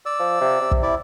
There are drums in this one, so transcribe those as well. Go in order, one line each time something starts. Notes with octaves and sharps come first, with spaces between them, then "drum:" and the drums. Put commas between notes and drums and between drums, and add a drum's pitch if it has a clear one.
D5 E6
F3
C3
C3
drum: kick
E4 D5